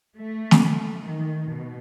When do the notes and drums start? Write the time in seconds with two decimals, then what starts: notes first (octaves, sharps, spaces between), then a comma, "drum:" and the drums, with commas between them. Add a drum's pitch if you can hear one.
0.15 A3
0.51 drum: snare
1.00 D#3
1.50 B2